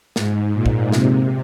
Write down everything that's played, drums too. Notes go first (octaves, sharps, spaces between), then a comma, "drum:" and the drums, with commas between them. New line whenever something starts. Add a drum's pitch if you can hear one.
G#2, drum: snare
A#2
drum: kick
C3, drum: snare